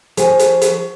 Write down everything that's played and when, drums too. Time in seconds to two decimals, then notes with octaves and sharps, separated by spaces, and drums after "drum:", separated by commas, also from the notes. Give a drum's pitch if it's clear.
0.17 F3 G#5, drum: hi-hat
0.39 drum: hi-hat
0.61 drum: hi-hat